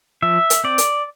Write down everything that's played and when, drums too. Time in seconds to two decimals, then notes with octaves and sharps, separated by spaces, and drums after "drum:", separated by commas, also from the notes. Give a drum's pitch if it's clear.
0.23 F3 E5
0.50 drum: hi-hat
0.64 C4 D5
0.78 drum: hi-hat